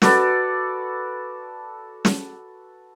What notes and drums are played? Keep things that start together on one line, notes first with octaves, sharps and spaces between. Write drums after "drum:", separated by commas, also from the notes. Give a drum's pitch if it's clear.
F#4 A4 B4 D5, drum: snare
drum: snare